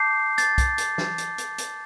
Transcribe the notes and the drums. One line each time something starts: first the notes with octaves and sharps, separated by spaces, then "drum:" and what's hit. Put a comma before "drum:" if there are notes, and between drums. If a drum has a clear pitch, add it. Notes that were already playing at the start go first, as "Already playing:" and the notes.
Already playing: A5 D6 G6 C7
A6, drum: hi-hat
drum: kick C2, hi-hat
drum: hi-hat
drum: snare
drum: hi-hat
drum: hi-hat
drum: hi-hat